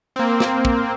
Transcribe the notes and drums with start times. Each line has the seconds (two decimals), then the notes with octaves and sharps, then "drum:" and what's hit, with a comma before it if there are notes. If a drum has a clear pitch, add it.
0.16 A#3 C4
0.40 drum: snare
0.65 drum: kick